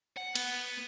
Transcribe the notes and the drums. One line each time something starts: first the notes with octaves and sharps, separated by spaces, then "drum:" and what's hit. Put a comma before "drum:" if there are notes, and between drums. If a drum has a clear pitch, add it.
F#5
B3, drum: cymbal